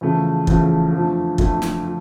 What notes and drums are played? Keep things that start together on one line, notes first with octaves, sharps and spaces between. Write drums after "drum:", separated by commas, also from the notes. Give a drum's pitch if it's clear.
E2 C#3 F3 A3
E2 C#3 F3 A3, drum: kick
F2 D3 F3 A3
F2 D3 F3 A3, drum: kick
drum: snare
F3